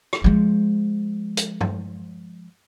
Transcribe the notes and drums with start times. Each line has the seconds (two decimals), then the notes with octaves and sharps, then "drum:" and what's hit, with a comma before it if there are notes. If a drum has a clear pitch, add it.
0.13 drum: rim click
0.24 F3 G#3
1.37 drum: hi-hat
1.61 drum: tom G2